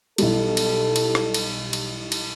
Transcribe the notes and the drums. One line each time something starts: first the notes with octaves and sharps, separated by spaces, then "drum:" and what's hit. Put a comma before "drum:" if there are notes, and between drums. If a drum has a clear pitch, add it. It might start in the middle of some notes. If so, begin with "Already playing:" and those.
B1 E3 G3 A4, drum: cymbal
drum: cymbal
drum: cymbal
drum: rim click
drum: cymbal
drum: cymbal
drum: cymbal